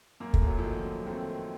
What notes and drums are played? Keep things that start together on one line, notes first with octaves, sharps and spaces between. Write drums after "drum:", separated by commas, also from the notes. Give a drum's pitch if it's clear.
F#2 A#3
A3, drum: kick
F#2
F#3
D#3 F3 A3
F#2
D#3 A3 C4
D#3